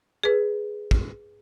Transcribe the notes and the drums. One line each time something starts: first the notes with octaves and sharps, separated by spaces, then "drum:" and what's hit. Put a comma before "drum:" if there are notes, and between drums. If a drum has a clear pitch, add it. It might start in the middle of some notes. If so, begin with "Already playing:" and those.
G#4 B4
drum: kick